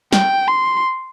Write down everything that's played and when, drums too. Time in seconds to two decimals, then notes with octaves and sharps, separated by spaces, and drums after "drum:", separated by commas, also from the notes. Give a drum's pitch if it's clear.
0.13 G5, drum: snare
0.48 C6